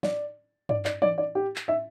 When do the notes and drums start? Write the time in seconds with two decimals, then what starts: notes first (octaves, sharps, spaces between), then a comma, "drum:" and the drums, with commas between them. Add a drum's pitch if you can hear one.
0.03 D5, drum: snare
0.69 D5, drum: tom G2
0.85 D5, drum: clap
1.02 D5, drum: tom E3
1.18 D5
1.35 G4
1.56 drum: clap
1.68 E5